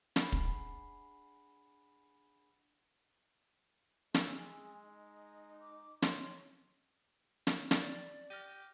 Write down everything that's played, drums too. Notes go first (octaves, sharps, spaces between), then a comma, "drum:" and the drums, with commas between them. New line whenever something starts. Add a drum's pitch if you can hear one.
D4 G#4 F#5 G#5 B5 C7, drum: snare
drum: kick
G#3 G#4 E6, drum: snare
D#4
D6
C#5 D#5 C6, drum: snare
drum: snare
D5, drum: snare
G4 F6 A#6 D#7